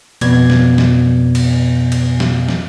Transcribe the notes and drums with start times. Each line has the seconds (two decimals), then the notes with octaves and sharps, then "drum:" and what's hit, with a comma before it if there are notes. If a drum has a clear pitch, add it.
0.21 F2 B2 B3 D5 G#6, drum: cymbal
0.50 drum: snare
0.78 drum: snare
1.35 drum: cymbal
1.92 drum: cymbal
2.20 drum: snare
2.49 drum: snare